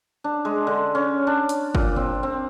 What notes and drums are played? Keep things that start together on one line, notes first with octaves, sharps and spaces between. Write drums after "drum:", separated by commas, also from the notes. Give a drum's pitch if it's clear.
D4
G#3
D3
C#4
D4
drum: hi-hat
A#2, drum: kick G1
C4
C4